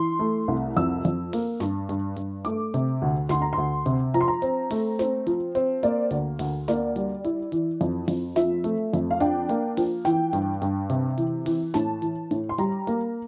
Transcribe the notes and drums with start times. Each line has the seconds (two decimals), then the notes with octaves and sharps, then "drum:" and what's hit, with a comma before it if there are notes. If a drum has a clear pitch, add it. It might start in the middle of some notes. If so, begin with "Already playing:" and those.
Already playing: E3 C6
0.19 A3
0.48 C2
0.76 F2 E6, drum: hi-hat
1.05 F2, drum: hi-hat
1.33 A#3, drum: open hi-hat
1.60 G2, drum: snare
1.89 G2, drum: hi-hat
2.16 G2, drum: hi-hat
2.45 A3 D6, drum: hi-hat
2.74 C3, drum: hi-hat
3.02 D2
3.29 D2 C6, drum: snare
3.42 A#5
3.53 D2 C6
3.86 C3, drum: hi-hat
4.14 F3 A#5, drum: hi-hat
4.21 C6
4.28 A#5
4.42 C4, drum: hi-hat
4.71 A3, drum: open hi-hat
4.99 C4, drum: snare
5.27 F3, drum: hi-hat
5.55 C4, drum: hi-hat
5.83 A#3 D5, drum: hi-hat
6.11 D2, drum: hi-hat
6.39 D2, drum: open hi-hat
6.68 A#3 D5, drum: snare
6.96 G3, drum: hi-hat
7.24 E4, drum: hi-hat
7.52 E3, drum: hi-hat
7.81 F2, drum: hi-hat
8.08 F2, drum: open hi-hat
8.36 F3 E5, drum: snare
8.64 A3, drum: hi-hat
8.93 F2, drum: hi-hat
9.11 F5
9.20 D4 G5, drum: hi-hat
9.49 A#3, drum: hi-hat
9.77 F3, drum: open hi-hat
10.05 E3 G5, drum: snare
10.33 G2, drum: hi-hat
10.62 G2, drum: hi-hat
10.90 C3, drum: hi-hat
11.18 E3, drum: hi-hat
11.46 E3, drum: open hi-hat
11.74 A2 A5, drum: snare
12.02 E3, drum: hi-hat
12.31 A2, drum: hi-hat
12.49 C6
12.58 G3 A#5, drum: hi-hat
12.87 A#3, drum: hi-hat